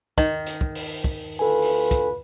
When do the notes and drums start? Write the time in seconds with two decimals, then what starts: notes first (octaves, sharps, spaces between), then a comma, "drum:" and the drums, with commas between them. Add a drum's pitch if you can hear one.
0.18 D#3, drum: kick, hi-hat
0.47 drum: hi-hat
0.61 drum: kick
0.75 drum: open hi-hat
1.04 drum: kick
1.39 D2 F4 A4 B4 G#5
1.62 drum: open hi-hat
1.91 drum: kick, hi-hat